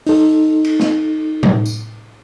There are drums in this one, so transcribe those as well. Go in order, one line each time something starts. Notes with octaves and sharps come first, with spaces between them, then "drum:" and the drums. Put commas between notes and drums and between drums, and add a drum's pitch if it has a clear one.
D#4 A4, drum: open hi-hat
drum: cymbal
drum: snare
drum: tom A2
drum: tambourine